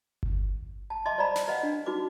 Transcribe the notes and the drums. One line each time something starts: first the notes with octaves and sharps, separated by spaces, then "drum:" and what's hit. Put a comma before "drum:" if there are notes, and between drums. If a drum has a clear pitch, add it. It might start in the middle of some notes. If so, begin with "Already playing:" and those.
drum: kick G1
A5
D#5 E5 A5 C6 D6
C5 D5 F5 A#5 B5
drum: snare
B4 D#5 F5 F#5
D4
D#4 F#4 B4 D6